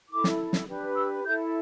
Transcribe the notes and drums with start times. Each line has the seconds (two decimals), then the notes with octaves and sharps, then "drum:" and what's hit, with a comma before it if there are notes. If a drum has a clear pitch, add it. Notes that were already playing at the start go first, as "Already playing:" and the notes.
0.10 E4 A4 D6
0.24 drum: snare
0.53 drum: snare
0.67 D4 G4 B4
0.96 E6
1.25 E4 A4 G6